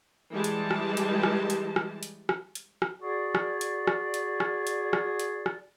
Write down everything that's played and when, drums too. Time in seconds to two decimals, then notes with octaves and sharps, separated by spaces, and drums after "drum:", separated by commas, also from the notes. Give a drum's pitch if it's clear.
0.31 E3 G3 G#3 G4 A5
0.44 drum: hi-hat
0.71 drum: rim click
0.97 drum: hi-hat
1.23 drum: rim click
1.50 drum: hi-hat
1.76 drum: rim click
2.03 drum: hi-hat
2.29 drum: rim click
2.55 drum: hi-hat
2.82 drum: rim click
3.01 F#4 G#4 D5
3.35 drum: rim click
3.61 drum: hi-hat
3.87 drum: rim click
4.14 drum: hi-hat
4.40 drum: rim click
4.67 drum: hi-hat
4.93 drum: rim click
5.19 drum: hi-hat
5.46 drum: rim click